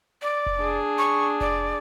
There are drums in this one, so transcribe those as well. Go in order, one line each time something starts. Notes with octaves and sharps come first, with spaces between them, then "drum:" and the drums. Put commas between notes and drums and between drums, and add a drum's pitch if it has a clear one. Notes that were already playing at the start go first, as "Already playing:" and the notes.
D5
drum: kick F1
D4 G#4
C#6
D5, drum: kick F1